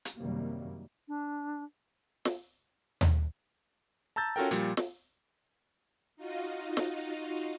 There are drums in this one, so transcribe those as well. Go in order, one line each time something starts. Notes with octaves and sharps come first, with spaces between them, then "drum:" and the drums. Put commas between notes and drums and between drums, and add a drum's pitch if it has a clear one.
drum: hi-hat
F#2 C3 D#3 F#3 G3 A#3
D4
drum: snare
drum: tom D#2
A5 A#5 E6 G6 A6
C#4 F4 F#4 A4 A#4 G5
A#2 F3 G3, drum: hi-hat
drum: snare
D#4 F4 F#4 D#5 F5
drum: snare